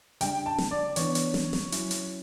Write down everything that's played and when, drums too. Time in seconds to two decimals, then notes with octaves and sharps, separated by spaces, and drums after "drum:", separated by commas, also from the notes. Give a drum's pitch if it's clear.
0.21 C#3 G3 D4 G5, drum: hi-hat
0.46 A5
0.58 drum: snare
0.71 D5
0.96 C#3 E3 B3 D4 C#5, drum: hi-hat
1.15 drum: hi-hat
1.34 drum: snare
1.53 drum: snare
1.72 F#3 C#4 E4, drum: hi-hat
1.91 drum: hi-hat